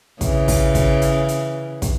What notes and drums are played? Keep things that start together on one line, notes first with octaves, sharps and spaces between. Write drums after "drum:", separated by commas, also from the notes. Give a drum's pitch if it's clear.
C#3 E3, drum: kick, hi-hat
drum: kick, open hi-hat
drum: kick, hi-hat
drum: hi-hat
drum: hi-hat
drum: kick, hi-hat